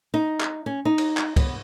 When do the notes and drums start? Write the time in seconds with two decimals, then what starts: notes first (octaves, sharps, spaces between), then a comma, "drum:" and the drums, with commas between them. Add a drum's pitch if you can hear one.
0.14 D#4
0.40 drum: clap
0.66 C#4
0.85 D#4
0.98 drum: cymbal
1.17 drum: clap
1.36 B3, drum: kick, cymbal